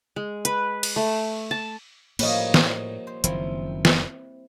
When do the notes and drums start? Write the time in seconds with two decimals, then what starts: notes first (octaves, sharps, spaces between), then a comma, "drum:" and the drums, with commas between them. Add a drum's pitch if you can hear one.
0.16 G#3
0.45 B4, drum: hi-hat
0.83 drum: cymbal
0.96 A3
1.51 A5
2.19 A2 F3 G3 A#3 B4 C#5 D#5, drum: cymbal
2.54 drum: snare
3.07 C5
3.24 F#1 D#3 F3 C4 E4, drum: hi-hat
3.85 drum: snare